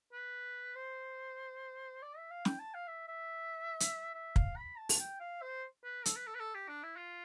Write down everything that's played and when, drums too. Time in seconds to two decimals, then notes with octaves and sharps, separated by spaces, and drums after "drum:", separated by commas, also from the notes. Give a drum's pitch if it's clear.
0.13 B4
0.75 C5
2.02 D5
2.17 E5
2.30 F5
2.45 G5, drum: snare
2.59 A5
2.74 F5
2.87 E5
3.08 E5
3.80 drum: hi-hat
4.14 E5
4.36 F5, drum: kick
4.56 B5
4.78 A5
4.89 drum: open hi-hat
4.99 G5
5.20 F5
5.42 C5
5.84 B4
6.05 A4, drum: hi-hat
6.16 B4
6.27 A4
6.35 B4
6.40 A4
6.55 G4
6.68 D4
6.83 E4
6.96 F4